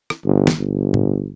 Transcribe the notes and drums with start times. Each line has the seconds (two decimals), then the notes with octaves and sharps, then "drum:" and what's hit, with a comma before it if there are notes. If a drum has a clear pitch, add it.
0.10 drum: rim click
0.24 G1
0.47 drum: snare
0.58 G1
0.94 drum: tom A2